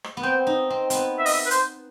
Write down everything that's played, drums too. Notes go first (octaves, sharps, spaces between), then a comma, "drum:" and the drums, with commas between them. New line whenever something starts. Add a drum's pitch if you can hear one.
drum: rim click
B3
C4 G5
D#4
C4
B3 C4, drum: hi-hat
E5
D#5, drum: open hi-hat
E5
B4
C5, drum: hi-hat